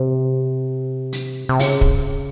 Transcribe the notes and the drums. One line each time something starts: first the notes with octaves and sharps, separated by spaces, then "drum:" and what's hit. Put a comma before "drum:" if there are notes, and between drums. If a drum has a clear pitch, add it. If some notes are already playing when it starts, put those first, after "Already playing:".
Already playing: C3
drum: hi-hat
C3
C#3, drum: open hi-hat
drum: kick